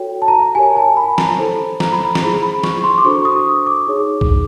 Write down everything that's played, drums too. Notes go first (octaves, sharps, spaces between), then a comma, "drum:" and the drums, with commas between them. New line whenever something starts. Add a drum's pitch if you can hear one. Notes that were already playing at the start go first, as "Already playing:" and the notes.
Already playing: F#4 A4 C#5 G5
A5
A#5
G4 A#4 C#5 G#5
A5
B5
A#5, drum: snare
E4 A4 C5
A#5, drum: snare
B5
A#5
B5, drum: snare
E4 G#4 C5 A#5
B5
C#6, drum: snare
C6
D6
D4 F#4 A4 C5 C#6
D#6
D6
D#4 G#4 C#5
drum: kick B1